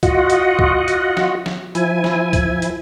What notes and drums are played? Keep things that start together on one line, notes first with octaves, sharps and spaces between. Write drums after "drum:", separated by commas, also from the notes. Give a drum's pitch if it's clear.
F4 F#4 D#5 F#5, drum: kick C#2, hi-hat
drum: hi-hat
drum: kick C#2
drum: hi-hat
drum: snare
drum: snare
F3 E4 G#5, drum: hi-hat
drum: snare
drum: kick C#2, hi-hat
drum: hi-hat